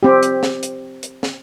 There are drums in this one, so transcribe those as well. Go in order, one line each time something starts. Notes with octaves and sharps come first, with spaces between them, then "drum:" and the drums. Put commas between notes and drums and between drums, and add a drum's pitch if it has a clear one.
C4 G4
drum: hi-hat
drum: snare
drum: hi-hat
drum: hi-hat
drum: snare